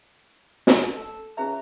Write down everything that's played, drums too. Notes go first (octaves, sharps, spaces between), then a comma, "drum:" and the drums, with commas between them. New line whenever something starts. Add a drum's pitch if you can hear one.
drum: snare
A4
C#2 C#4 G#4 E5 A#5